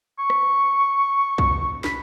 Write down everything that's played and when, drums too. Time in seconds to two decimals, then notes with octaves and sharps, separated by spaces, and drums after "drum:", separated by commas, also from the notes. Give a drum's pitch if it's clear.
0.19 C#6
0.30 drum: rim click
1.38 drum: kick B1
1.84 B5, drum: snare